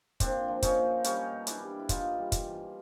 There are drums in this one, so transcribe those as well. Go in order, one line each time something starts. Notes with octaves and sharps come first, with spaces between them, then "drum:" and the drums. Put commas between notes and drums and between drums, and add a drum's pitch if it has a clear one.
A#2 C4 D4, drum: kick, hi-hat
F3
C#4 D#4, drum: kick, hi-hat
A#2
G3 C#4 D#4, drum: hi-hat
B2
D4 E4, drum: hi-hat
G3
E4
E3 D#4 F4, drum: kick, hi-hat
G3
drum: kick, hi-hat
E3